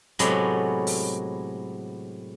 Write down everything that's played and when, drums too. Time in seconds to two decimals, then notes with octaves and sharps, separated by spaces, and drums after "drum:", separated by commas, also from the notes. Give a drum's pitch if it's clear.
0.19 A2 C3 F#3 G#3 B3, drum: hi-hat
0.87 drum: open hi-hat